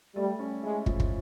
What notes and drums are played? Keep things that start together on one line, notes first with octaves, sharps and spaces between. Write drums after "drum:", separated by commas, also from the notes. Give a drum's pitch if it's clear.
G3 A3
C#4
G#3 E4
F3, drum: kick
drum: kick